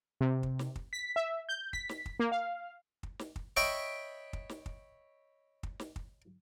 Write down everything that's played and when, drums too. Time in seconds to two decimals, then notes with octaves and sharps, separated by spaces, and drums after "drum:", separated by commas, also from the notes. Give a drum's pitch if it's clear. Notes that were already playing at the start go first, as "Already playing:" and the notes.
0.21 C3
0.43 drum: kick
0.59 drum: snare
0.76 drum: kick
0.93 B6
1.16 E5
1.49 G6
1.73 B6, drum: kick
1.89 drum: snare
2.06 drum: kick
2.19 A#3
2.32 F5
3.03 drum: kick
3.19 drum: snare
3.36 drum: kick
3.57 C#5 D#5 E5 G5 B5 C#6
4.33 drum: kick
4.49 drum: snare
4.66 drum: kick
5.63 drum: kick
5.80 drum: snare
5.96 drum: kick